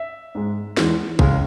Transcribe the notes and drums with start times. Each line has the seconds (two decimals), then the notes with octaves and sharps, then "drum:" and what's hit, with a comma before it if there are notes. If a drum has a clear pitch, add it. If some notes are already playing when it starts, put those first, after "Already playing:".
Already playing: E5
0.35 G#2 G#3
0.77 E2 E3 G#3, drum: snare
1.19 C#2 C#3 G#3, drum: kick